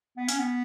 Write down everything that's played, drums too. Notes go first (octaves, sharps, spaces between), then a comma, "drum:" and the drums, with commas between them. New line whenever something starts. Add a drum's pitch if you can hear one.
B3
C#4, drum: hi-hat
B3